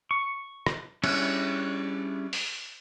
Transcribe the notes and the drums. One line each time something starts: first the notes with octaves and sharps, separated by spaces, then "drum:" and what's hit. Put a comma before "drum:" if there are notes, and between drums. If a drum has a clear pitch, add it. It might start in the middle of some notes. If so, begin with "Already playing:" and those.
C#6
drum: rim click
G3 C#4 D4 E4 G#4, drum: cymbal
drum: open hi-hat